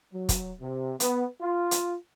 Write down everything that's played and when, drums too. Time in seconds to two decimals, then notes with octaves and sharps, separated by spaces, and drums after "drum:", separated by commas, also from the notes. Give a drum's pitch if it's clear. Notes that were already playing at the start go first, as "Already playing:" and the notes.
0.13 F#3
0.29 drum: kick, hi-hat
0.61 C3
1.00 B3, drum: hi-hat
1.42 F4
1.71 drum: hi-hat